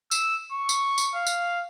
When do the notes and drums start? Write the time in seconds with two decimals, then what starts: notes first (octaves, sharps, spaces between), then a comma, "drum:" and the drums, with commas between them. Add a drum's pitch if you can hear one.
0.11 E6, drum: tambourine
0.52 C#6
0.69 drum: tambourine
0.98 drum: tambourine
1.15 F5
1.26 drum: tambourine